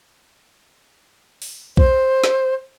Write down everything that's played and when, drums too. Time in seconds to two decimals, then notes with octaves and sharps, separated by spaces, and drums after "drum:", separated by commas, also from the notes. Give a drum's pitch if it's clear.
1.42 drum: open hi-hat
1.77 C5, drum: kick B1
2.24 drum: snare